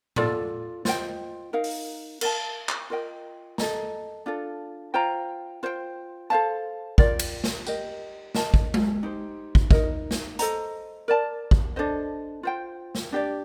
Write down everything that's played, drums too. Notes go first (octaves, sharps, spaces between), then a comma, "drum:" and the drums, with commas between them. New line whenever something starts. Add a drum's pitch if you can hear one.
F4 A4 D5, drum: tom A2
F4 C5 D#5 G5, drum: snare
D#4 A#4 F5
drum: open hi-hat
A#4 F5 A5, drum: cymbal
drum: clap
F4 A#4 D#5 G5
A4 D#5 A#5, drum: snare
D4 F4 A4
F4 C5 G5 A#5
F4 C5 G5
A4 C5 F5 A5
F4 A#4 D5 G5, drum: kick
drum: cymbal
drum: snare
G4 A#4 D#5, drum: tambourine
A#4 D#5 A5, drum: snare
drum: kick
drum: tom G#3
D#4 G4 C5
drum: kick
D#4 A#4 D#5, drum: kick
drum: snare
A4 C5 D#5 A#5, drum: hi-hat
A#4 D5 A5
drum: kick
D4 A4 C5 D#5
F4 C5 G5
drum: snare
D4 G4 D5